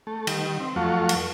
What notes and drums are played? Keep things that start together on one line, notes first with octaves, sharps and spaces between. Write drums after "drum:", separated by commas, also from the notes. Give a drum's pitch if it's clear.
A3
D#3 G3, drum: cymbal
C4
F2 F#3 A3 F4 C#6
drum: cymbal